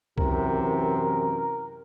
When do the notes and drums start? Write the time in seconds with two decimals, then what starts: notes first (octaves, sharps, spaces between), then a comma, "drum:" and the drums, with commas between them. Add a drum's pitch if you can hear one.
0.18 F#2 C3 E3 A#4, drum: kick C2